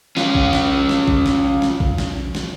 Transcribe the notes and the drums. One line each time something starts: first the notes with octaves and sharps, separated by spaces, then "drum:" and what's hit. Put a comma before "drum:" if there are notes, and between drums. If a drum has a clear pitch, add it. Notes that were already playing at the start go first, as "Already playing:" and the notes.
C#4 F4, drum: snare
drum: kick A#1
drum: snare
drum: snare
drum: kick A#1
drum: snare
drum: snare
drum: kick A#1
drum: snare
drum: snare